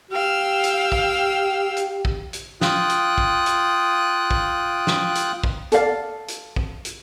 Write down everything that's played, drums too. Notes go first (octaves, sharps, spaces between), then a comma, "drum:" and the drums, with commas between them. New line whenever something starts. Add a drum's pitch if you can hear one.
G4 F5 G5 E6
drum: hi-hat
drum: kick
drum: hi-hat
drum: kick
drum: hi-hat
F4 G5 D#6 F#6, drum: snare
drum: hi-hat
drum: kick
drum: hi-hat
drum: kick
drum: snare
drum: hi-hat
drum: kick
A4 D5 F5, drum: hi-hat
drum: hi-hat
drum: kick
drum: hi-hat